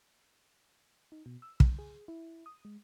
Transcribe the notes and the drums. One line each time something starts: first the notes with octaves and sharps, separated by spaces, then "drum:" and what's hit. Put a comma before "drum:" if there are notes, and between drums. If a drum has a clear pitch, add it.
D#4
B2
E6
D3, drum: kick
G#4
E4
D#6
G#3